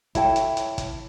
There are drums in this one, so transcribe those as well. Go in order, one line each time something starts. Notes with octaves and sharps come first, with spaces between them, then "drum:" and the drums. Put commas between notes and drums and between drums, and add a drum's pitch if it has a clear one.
E4 A4 C#5 G5, drum: kick, hi-hat
drum: hi-hat
drum: hi-hat
drum: kick, hi-hat